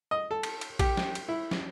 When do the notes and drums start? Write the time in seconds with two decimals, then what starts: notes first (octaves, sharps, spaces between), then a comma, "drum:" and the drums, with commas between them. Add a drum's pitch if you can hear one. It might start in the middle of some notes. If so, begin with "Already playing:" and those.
0.11 D#5
0.31 A4
0.43 drum: cymbal
0.61 drum: cymbal
0.79 G4, drum: kick A#1, cymbal
0.97 drum: snare
1.15 drum: cymbal
1.28 E4
1.51 drum: snare